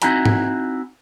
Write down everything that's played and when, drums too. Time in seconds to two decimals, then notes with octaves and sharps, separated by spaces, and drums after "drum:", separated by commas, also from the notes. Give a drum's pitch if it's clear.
0.02 C4 D#4 E4 F#4 G#5 A#5, drum: hi-hat
0.25 drum: tom G#2